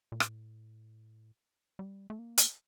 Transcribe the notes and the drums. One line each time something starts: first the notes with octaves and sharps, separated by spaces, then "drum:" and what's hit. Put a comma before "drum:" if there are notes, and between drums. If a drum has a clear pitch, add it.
A#2
A2, drum: rim click
G3
A3
A#3
drum: hi-hat